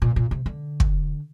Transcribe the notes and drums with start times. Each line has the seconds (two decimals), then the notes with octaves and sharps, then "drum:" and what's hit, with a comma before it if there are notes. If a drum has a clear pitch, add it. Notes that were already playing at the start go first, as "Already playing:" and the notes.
0.02 A#2
0.16 A#2
0.31 C3
0.46 D3
0.80 drum: kick